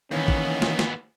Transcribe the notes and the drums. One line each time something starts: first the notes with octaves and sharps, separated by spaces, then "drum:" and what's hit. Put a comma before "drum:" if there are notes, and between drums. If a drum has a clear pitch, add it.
D#2 D#3 E3 B3 C#4
drum: kick
drum: snare
drum: snare